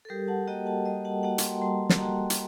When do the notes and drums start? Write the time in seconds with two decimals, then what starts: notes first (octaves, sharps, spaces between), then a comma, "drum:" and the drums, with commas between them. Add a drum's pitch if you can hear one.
0.05 A4
0.09 G3 G4 A#4
0.28 F#5 A5
0.47 A#3 F#4 D#5 G5
0.66 F#5 A5
0.85 G3 D#5 G5
1.05 F#5 A5
1.23 A#3 F#4 F#5 A5
1.38 C6, drum: hi-hat
1.42 G5 A#5
1.61 G3 A5 C6
1.89 A5, drum: snare
1.99 A#3 F#4 G5 A#5
2.30 A#5, drum: hi-hat